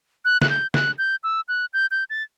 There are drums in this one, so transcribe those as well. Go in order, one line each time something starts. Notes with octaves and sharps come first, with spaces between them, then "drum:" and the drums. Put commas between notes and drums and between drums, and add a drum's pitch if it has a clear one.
F#6
F#6, drum: snare
G6
F#6, drum: snare
G6
E6
F#6
G6
G6
A6